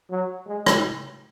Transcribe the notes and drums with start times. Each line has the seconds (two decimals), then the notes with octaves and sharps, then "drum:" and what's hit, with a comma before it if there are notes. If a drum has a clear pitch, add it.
0.11 F#3
0.46 G#3
0.66 drum: rim click